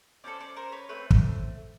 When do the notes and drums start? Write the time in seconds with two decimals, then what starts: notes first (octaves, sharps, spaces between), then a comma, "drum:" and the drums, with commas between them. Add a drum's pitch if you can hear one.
0.24 C#4 F#4 A4 C5 D5
0.40 C5 D5
0.56 A#4 C5
0.72 B4 C#5
0.89 A3 C4 B4 C#5
1.11 drum: kick